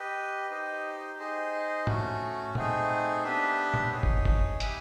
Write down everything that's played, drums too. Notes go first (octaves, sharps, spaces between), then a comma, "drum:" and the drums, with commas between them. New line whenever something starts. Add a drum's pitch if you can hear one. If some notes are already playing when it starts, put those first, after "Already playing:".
Already playing: G4 B4 D#5
D#4 G4 C5 D#5
D#4 G#4 C5 D#5
A3 C#4 F#4, drum: tom G#2
A3 C4 D#4 G#4, drum: tom A#2
B3 D4 G4 B4 E5
drum: tom A#2
D#4 G#4 C#5
drum: kick
drum: kick
G4 B4 E5 G#5, drum: hi-hat